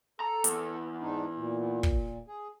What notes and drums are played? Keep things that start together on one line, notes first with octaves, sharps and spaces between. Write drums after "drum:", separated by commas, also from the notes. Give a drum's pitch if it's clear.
A4 A#5
E2, drum: hi-hat
G#2 D4 D#4
A#2
drum: kick
G#4